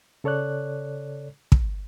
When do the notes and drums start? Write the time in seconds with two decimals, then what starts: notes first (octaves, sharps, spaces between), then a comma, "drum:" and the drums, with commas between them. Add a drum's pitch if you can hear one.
0.24 C#3 A4 C#5 D5 F#6
1.52 drum: kick